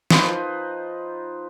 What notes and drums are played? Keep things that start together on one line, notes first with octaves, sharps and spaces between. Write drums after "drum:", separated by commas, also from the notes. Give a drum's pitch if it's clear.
F3 D#4 B4 C5, drum: snare